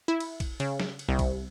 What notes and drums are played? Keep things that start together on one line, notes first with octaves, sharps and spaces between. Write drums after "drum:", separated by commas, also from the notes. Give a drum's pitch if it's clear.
E4
drum: cymbal
drum: kick A#1, cymbal
C#3, drum: cymbal
drum: snare
drum: cymbal
C2
drum: kick A#1, cymbal